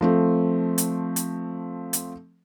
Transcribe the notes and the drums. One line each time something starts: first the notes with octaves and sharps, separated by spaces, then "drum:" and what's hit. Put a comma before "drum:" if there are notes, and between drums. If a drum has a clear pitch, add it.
F3 A3 C4
drum: hi-hat
drum: hi-hat
drum: hi-hat